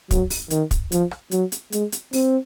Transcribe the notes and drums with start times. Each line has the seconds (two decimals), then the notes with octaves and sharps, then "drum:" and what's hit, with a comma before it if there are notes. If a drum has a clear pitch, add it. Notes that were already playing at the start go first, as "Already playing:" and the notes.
0.11 F#3, drum: kick, hi-hat
0.30 drum: open hi-hat
0.50 D#3, drum: hi-hat
0.71 drum: kick, hi-hat
0.92 F3, drum: hi-hat
1.11 drum: rim click
1.31 F#3, drum: hi-hat
1.52 drum: hi-hat
1.72 G#3, drum: hi-hat
1.92 drum: hi-hat
2.13 C4, drum: open hi-hat